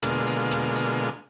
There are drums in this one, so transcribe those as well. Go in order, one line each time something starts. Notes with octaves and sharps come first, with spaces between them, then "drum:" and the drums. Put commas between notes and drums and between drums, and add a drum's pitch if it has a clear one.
B2 D3 G#3 A#3 F4, drum: rim click
drum: hi-hat
drum: rim click
drum: hi-hat